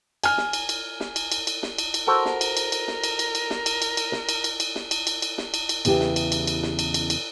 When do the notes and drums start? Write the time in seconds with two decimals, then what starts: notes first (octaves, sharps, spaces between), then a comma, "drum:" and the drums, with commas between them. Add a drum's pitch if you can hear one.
0.23 G#5 F6, drum: cymbal
0.38 drum: snare
0.53 drum: cymbal
0.69 drum: cymbal
1.00 drum: snare
1.16 drum: cymbal
1.32 drum: cymbal
1.47 drum: cymbal
1.63 drum: snare
1.78 drum: cymbal
1.94 drum: cymbal
2.07 F#4 A4 A#4 C5
2.25 drum: snare
2.41 drum: cymbal
2.57 drum: cymbal
2.72 drum: cymbal
2.88 drum: snare
3.04 drum: cymbal
3.19 drum: cymbal
3.35 drum: cymbal
3.50 drum: snare
3.66 drum: cymbal
3.82 drum: cymbal
3.97 drum: cymbal
4.13 drum: snare
4.29 drum: cymbal
4.44 drum: cymbal
4.60 drum: cymbal
4.75 drum: snare
4.91 drum: cymbal
5.07 drum: cymbal
5.22 drum: cymbal
5.38 drum: snare
5.54 drum: cymbal
5.69 drum: cymbal
5.85 E2 C#3 E4 G4, drum: cymbal
6.01 drum: snare
6.16 drum: cymbal
6.32 drum: cymbal
6.47 drum: cymbal
6.63 drum: snare
6.79 drum: cymbal
6.94 drum: cymbal
7.10 drum: cymbal